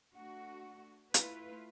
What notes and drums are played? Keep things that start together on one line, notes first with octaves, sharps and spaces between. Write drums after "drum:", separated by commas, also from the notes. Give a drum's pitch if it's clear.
A3 D4 F#4
A3 E4 F4 B4, drum: hi-hat